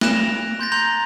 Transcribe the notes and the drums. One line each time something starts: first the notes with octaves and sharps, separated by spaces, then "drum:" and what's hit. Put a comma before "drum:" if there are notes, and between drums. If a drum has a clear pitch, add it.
F#6 A#6 D7 E7, drum: snare A3
F7
C6 G6 A6 A#6
A#5 C6 G6 A6 F7